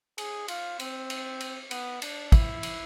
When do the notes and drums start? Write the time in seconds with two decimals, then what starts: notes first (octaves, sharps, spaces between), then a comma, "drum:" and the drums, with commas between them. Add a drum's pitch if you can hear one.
0.18 G#4, drum: cymbal
0.48 F4, drum: cymbal
0.80 C4, drum: cymbal
1.10 drum: cymbal
1.40 drum: cymbal
1.71 B3, drum: cymbal
2.02 D4, drum: cymbal
2.32 E4, drum: kick, cymbal
2.63 drum: cymbal